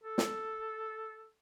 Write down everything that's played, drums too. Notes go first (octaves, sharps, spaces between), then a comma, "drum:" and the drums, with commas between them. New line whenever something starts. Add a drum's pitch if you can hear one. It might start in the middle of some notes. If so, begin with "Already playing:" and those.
A4
drum: snare